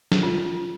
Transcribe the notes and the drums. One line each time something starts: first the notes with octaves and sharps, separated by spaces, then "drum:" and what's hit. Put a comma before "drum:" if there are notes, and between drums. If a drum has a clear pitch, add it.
drum: snare
F4